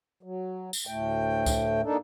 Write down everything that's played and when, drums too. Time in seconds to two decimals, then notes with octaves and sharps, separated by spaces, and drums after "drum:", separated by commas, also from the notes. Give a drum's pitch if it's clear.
0.23 F#3
0.73 drum: tambourine
0.87 D2 A2 A3 G5
1.46 drum: kick C#2, tambourine
1.83 A#3 D4 D#4 A4